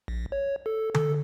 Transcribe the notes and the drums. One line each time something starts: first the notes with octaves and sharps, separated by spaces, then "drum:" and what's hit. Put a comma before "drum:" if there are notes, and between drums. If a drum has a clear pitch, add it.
A#1
C#5
A4
A4, drum: tom D3